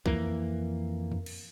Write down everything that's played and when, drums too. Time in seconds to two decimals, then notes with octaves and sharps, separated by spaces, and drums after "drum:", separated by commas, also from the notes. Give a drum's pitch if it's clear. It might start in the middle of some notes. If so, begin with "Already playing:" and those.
0.06 F2 E3 A#3, drum: kick
1.12 drum: tom F2
1.26 drum: cymbal